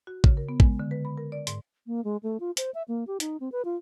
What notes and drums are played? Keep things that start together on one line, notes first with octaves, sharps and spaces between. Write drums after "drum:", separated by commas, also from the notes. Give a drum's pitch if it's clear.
F#4
C#3, drum: kick
A#4
B3
G#3, drum: kick
D3
B4
B5
A#4
D5
G#2, drum: hi-hat
A#3
G#3
A3
F4
C5, drum: hi-hat
E5
A#3
G4
D#4, drum: hi-hat
C4
B4
F4